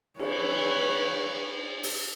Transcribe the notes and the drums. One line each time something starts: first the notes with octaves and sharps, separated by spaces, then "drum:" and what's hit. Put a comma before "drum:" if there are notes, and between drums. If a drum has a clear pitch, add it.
B4 C#5, drum: cymbal
drum: open hi-hat